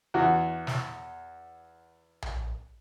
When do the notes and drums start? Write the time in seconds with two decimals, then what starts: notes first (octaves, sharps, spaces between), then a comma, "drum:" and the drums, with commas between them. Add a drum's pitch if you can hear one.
0.14 E2 F#4
0.67 drum: snare
2.22 drum: tom A#1